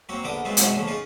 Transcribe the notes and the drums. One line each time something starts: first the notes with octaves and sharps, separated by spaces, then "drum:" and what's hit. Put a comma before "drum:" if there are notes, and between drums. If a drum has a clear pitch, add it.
F#3 A#3 C4 F#4
A#1 D3 B3 A#4 D6 D#6
F#3 G#3 B3 C4 E4 F4
F#2 B2 G#3 C4 F4 F#4, drum: hi-hat
E2 A2 C#3 F3 A#3 C#4
C#4 D#4 F4 G#4 A#4